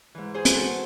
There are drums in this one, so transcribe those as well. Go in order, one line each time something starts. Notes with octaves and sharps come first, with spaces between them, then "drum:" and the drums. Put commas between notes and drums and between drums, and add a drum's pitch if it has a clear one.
G#2 E3
G#4 C5
drum: hi-hat
F#4 A4